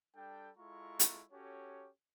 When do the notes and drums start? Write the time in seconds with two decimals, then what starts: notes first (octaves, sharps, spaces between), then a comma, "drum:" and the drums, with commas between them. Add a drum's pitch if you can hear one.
0.15 G3 D4 A4 G5
0.57 G#3 E4 F4 A4 A#5 C#6
1.00 drum: hi-hat
1.32 C#4 F#4 G4 A4 C#5